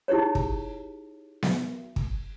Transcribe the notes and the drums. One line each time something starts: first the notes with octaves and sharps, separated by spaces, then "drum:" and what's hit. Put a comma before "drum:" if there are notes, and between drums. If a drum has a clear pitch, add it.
D#4 E4 G4 G#4 C#5
drum: kick
drum: snare B3
drum: kick